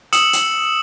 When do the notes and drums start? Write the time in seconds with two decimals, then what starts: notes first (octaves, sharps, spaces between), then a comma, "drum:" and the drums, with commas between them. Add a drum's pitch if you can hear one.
0.13 D#6 E6 C#7 E7 F#7, drum: hi-hat
0.33 drum: hi-hat